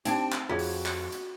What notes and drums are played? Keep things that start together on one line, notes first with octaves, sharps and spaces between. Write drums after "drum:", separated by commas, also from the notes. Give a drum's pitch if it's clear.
C4 D4 D#4 G4 A5, drum: hi-hat
drum: clap
F2 F4 F#4 G#4 C#5
drum: open hi-hat
drum: clap
drum: hi-hat